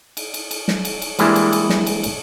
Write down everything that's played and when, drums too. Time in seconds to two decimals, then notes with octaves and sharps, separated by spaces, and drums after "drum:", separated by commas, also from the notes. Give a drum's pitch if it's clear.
0.17 drum: cymbal
0.34 drum: cymbal
0.51 drum: cymbal
0.68 drum: snare
0.85 drum: cymbal
1.02 drum: cymbal
1.19 E3 G3 G#3 A#3 D4 E4, drum: cymbal
1.36 drum: cymbal
1.53 drum: cymbal
1.70 drum: snare
1.87 drum: cymbal
2.03 drum: cymbal